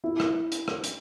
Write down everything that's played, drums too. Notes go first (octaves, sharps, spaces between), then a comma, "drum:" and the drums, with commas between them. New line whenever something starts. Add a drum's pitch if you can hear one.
E4
drum: rim click
drum: hi-hat
drum: rim click
drum: hi-hat